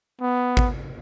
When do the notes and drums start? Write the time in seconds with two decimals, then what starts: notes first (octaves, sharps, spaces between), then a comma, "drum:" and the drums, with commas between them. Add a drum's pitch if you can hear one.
0.21 B3
0.57 drum: kick